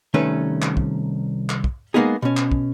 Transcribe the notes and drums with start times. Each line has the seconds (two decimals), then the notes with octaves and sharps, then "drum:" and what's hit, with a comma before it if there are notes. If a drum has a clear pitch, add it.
0.14 C2 D#3 A3 C#4 B4 E5
0.62 drum: clap
0.77 drum: kick
1.50 drum: clap
1.64 drum: kick
1.94 G#3 A#3 B3 D#4 G#4
2.22 B2 C#4
2.37 drum: clap
2.52 drum: kick